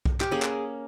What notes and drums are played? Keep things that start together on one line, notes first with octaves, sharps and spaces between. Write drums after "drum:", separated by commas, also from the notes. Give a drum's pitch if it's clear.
drum: kick B1
G4, drum: clap
A#3 C#4 G#4
drum: clap